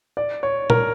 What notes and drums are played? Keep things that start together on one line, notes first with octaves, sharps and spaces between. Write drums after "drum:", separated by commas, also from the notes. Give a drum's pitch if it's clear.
D5
C#5
A#4, drum: tom A#2